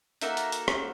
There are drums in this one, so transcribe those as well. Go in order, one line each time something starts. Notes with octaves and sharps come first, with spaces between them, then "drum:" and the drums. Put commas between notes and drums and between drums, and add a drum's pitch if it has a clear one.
A#3 D#4 F#4 A4 E5, drum: hi-hat
drum: hi-hat
drum: hi-hat
drum: rim click